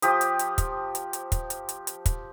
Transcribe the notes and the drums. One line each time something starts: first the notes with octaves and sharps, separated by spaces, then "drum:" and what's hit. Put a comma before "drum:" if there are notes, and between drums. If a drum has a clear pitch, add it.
F3 G4 D#6, drum: hi-hat
drum: hi-hat
drum: hi-hat
drum: kick, hi-hat
drum: hi-hat
drum: hi-hat
drum: kick, hi-hat
drum: hi-hat
drum: hi-hat
drum: hi-hat
drum: kick, hi-hat